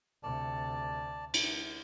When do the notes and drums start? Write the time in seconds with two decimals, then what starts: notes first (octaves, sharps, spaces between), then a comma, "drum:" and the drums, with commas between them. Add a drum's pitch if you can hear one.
0.23 D2 C3 D5 A5
1.34 drum: cymbal